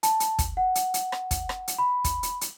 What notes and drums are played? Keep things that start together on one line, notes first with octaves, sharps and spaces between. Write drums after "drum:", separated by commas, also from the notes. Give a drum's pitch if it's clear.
A5, drum: hi-hat
drum: hi-hat
drum: kick, hi-hat
F#5
drum: hi-hat
drum: hi-hat
drum: rim click
drum: kick, hi-hat
drum: rim click
drum: hi-hat
B5
drum: kick, hi-hat
drum: hi-hat
drum: hi-hat